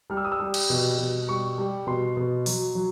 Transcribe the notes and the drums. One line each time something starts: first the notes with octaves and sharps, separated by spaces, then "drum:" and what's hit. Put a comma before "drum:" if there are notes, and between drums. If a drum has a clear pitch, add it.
G3 F6
E6
D#6
E6
G3
drum: cymbal
B2
B2
G3 C#6
G3
B2 C6
B2
F#3, drum: open hi-hat
F#3